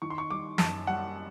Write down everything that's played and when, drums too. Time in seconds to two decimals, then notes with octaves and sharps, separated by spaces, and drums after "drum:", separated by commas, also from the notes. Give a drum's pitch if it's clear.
0.02 D#3 C#6
0.10 C6
0.18 C#6
0.30 G3 D6
0.58 F#2 A5, drum: snare
0.87 G3 F#5